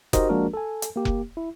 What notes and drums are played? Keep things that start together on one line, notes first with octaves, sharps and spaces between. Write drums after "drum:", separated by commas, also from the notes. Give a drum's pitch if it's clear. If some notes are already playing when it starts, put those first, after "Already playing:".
D#4 F#4 G4 A#4 C5 D#5, drum: kick F1, hi-hat
F3 G#3 A#3 D4 F#4 A#4
A4 G#5
drum: hi-hat
A#3 G4
drum: kick F1
E4